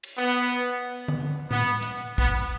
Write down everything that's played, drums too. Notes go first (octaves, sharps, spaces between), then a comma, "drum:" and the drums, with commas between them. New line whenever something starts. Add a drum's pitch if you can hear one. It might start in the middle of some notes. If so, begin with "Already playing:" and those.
drum: cymbal
B3
drum: tom D3
B3, drum: tom A2
drum: hi-hat
B3, drum: kick